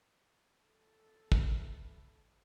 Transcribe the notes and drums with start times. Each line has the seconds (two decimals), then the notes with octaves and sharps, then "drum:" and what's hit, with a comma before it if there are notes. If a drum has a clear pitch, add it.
0.64 A4
1.32 B4 E5, drum: kick